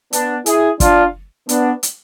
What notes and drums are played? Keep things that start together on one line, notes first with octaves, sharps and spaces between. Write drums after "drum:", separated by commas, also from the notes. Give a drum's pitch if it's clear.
B3 D4, drum: hi-hat
E4 G#4, drum: hi-hat
D4 F4, drum: kick, hi-hat
B3 D4, drum: hi-hat
drum: hi-hat